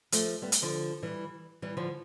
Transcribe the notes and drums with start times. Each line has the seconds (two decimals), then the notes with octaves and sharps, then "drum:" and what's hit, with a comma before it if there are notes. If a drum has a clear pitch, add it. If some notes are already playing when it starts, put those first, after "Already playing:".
0.12 F3 A3, drum: hi-hat
0.42 G3 B3
0.52 drum: hi-hat
0.62 D3 F3
1.03 E3 G3
1.62 E3 G3
1.77 D3 F3